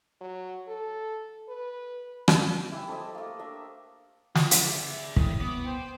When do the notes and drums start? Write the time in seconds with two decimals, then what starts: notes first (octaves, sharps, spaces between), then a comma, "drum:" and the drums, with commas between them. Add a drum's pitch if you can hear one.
0.21 F#3
0.68 A4
1.49 B4
2.28 drum: rim click
2.71 E4 G4 E5 G#5
2.88 A4 C5 D5 D#5
3.01 D5 D#5
3.15 A3 A#3
3.39 D4 A#4 E5
4.35 F4 D6, drum: snare
4.51 drum: hi-hat
4.68 G#4 E5
5.16 C#3 E3 G3 D#6, drum: kick
5.41 B3 D6
5.64 C5 G5